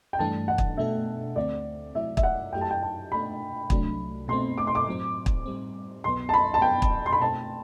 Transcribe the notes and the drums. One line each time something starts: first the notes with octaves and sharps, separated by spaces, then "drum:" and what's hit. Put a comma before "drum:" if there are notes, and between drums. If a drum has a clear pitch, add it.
G5
G2 E3 A3 D4 A5
F#5
drum: kick
B2 A3 D4 A4 E5
D2 D3 A3 C4 D5
C3 F#3 A3 E4 E5
E5, drum: kick
F#5
F#2 F#3 A3 E4 G4 G5
A5
G5
A5
B2 A3 D4 B5
C2 C3 F#3 A3 D4, drum: kick
B2 A3 C4 C6
D6
C6
D6
A2 F#3 C4
drum: kick
A2 G3 C4
C2 B2 F#3 B3 C6
A5
B5
A5
C3 F#3 B3 G5
drum: kick
C6
B5
B2 A3 C4 A5